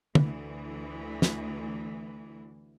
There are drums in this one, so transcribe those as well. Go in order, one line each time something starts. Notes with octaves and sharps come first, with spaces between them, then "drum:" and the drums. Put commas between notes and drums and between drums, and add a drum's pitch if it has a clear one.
D2 E3, drum: tom
drum: snare